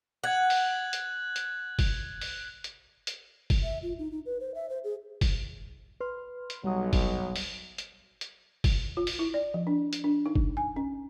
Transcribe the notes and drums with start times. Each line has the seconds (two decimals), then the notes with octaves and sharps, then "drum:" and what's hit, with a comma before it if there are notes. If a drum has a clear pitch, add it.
0.24 F#5 F#6 G#6 F#7
0.50 drum: open hi-hat
0.93 drum: hi-hat
1.36 drum: hi-hat
1.79 drum: kick G1, open hi-hat
2.21 drum: open hi-hat
2.64 drum: hi-hat
3.07 drum: hi-hat
3.50 drum: kick G1, open hi-hat
3.63 E5
3.83 F4
3.99 D#4
4.12 D#4
4.26 B4
4.40 C5
4.55 E5
4.69 C5
4.84 G#4
5.21 drum: kick G1, open hi-hat
6.01 B4 C6 F6
6.50 drum: hi-hat
6.64 B1 F#3 G3 D#6
6.93 drum: kick G1, open hi-hat
7.36 drum: open hi-hat
7.78 drum: hi-hat
8.21 drum: hi-hat
8.64 drum: kick G1, open hi-hat
8.97 F4
9.07 drum: open hi-hat
9.19 E4
9.34 D5
9.54 F3
9.67 D4
9.93 drum: hi-hat
10.04 D4
10.26 D#4
10.35 drum: kick G1
10.57 G#5
10.76 C#4